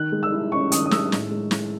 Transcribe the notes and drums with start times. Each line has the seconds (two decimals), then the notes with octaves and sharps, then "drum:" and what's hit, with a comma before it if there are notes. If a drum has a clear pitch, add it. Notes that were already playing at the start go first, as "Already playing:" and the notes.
Already playing: D#3 F#6
0.12 G#3
0.23 E6
0.32 E4
0.52 C#4 C#6
0.72 D#3 D#6, drum: hi-hat
0.86 D#6
0.91 G#3 E6, drum: snare
1.12 A2, drum: snare
1.31 G#3
1.51 E4, drum: snare